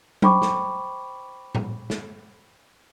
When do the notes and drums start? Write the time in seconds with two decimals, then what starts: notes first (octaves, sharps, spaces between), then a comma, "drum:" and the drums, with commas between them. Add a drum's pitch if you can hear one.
0.22 C5 G5 B5 C#6 D6, drum: tom F#3
0.42 drum: snare
1.55 drum: tom A2
1.90 drum: snare